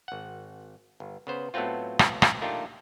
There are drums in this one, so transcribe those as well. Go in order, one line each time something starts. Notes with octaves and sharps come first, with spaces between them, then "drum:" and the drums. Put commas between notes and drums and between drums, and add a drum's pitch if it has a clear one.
G#1 F#5
G1
C#3 B3 C5
A2 F#3 A3 B3 C4 F4
drum: rim click
drum: rim click
A3 A#3 D4 D#4 F4 G4